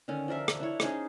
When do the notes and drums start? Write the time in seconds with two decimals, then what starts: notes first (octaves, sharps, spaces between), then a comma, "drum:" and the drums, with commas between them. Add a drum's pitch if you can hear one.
0.08 D3 D#3 C#4
0.28 F3 D4 A#4 E5
0.48 drum: rim click
0.60 D4 E4 C#5
0.80 C#4 D#4 G#4 C5, drum: rim click